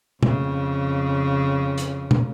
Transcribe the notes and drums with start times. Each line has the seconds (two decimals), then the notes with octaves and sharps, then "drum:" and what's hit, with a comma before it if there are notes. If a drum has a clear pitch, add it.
0.23 F2 C#3, drum: tom
1.78 drum: hi-hat
2.11 drum: tom